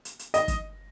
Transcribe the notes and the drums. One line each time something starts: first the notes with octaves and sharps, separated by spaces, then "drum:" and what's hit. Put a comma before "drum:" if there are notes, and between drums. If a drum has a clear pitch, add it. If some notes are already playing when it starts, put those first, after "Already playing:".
drum: hi-hat
drum: hi-hat
D#5, drum: hi-hat
drum: kick G1, hi-hat